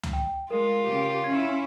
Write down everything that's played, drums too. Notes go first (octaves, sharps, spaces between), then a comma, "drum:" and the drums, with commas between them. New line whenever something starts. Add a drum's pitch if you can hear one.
drum: tom
G5
G#3 F4 A#4
C#3 G4
C#4 E4 G#6